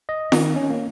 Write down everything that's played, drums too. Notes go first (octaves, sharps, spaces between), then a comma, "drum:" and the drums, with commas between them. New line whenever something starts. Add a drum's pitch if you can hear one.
D#5
D#3, drum: snare F4
C#4
A#3